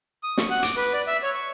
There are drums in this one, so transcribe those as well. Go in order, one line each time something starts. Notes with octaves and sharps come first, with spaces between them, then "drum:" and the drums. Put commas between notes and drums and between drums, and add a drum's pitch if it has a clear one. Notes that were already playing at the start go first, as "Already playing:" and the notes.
D#6
C#6, drum: snare
F#5
D6, drum: hi-hat
B4
D5
E5
C#5
C#6